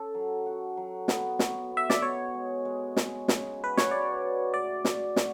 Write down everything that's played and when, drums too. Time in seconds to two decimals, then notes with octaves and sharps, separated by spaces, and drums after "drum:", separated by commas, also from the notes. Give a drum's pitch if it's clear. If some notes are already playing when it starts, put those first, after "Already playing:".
Already playing: C#4 A4
0.14 F#3
0.46 F#4
0.77 F#3
1.08 B3, drum: snare
1.39 F#4, drum: snare
1.71 B3
1.77 E5
1.90 D5, drum: snare
2.02 B2 C#5
2.34 G#3
2.65 G#3
2.96 G#3, drum: snare
3.28 C#3, drum: snare
3.59 F#4 B4
3.77 C#5, drum: snare
3.91 F#4 D5
4.22 F#4
4.54 A2 D5
4.85 F#4, drum: snare
5.16 F#4, drum: snare